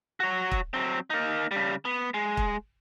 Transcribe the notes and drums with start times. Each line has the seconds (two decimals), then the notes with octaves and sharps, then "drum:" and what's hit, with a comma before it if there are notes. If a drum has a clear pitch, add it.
0.20 F#4 C#5
0.51 drum: kick
0.74 F#3 C4
1.10 A#3 D#4
1.51 C#3 G3
1.85 B3
2.14 G#3
2.37 drum: kick